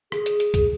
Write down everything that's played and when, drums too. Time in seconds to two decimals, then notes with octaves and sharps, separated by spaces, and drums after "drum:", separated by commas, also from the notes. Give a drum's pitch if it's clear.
0.12 G#4, drum: rim click
0.26 drum: hi-hat
0.40 drum: hi-hat
0.54 drum: kick, hi-hat